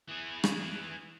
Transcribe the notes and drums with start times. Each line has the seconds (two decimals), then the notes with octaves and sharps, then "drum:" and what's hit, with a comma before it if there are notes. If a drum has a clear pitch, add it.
0.08 E3 G#4
0.44 drum: rim click